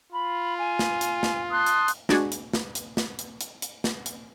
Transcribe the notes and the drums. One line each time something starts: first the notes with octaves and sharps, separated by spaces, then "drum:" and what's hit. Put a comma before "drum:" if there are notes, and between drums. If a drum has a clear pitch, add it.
F4 B5
G#5
drum: snare
drum: hi-hat
drum: snare
A5 C6 D#6 F#6
drum: hi-hat
drum: hi-hat
G#3 D4 F#4 G#5, drum: snare
drum: hi-hat
drum: snare
drum: hi-hat
drum: snare
drum: hi-hat
drum: hi-hat
drum: hi-hat
drum: snare
drum: hi-hat